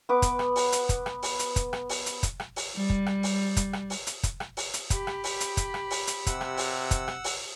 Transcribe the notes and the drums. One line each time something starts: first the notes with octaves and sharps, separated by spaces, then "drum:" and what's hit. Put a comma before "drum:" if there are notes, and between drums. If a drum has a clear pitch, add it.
B3 B4 D6
drum: kick, hi-hat
drum: rim click
drum: open hi-hat
drum: hi-hat
drum: kick, hi-hat
drum: rim click
drum: open hi-hat
drum: hi-hat
drum: kick, hi-hat
drum: rim click
drum: open hi-hat
drum: hi-hat
drum: kick, hi-hat
drum: rim click
drum: open hi-hat
G3
drum: kick
drum: rim click
drum: open hi-hat
drum: kick, hi-hat
drum: rim click
drum: open hi-hat
drum: hi-hat
drum: kick, hi-hat
drum: rim click
drum: open hi-hat
drum: hi-hat
G4 B5, drum: kick, hi-hat
drum: rim click
drum: open hi-hat
drum: hi-hat
drum: kick, hi-hat
drum: rim click
drum: open hi-hat
drum: hi-hat
C3 F#5 E6, drum: kick, hi-hat
drum: rim click
drum: open hi-hat
drum: kick, hi-hat
drum: rim click
drum: open hi-hat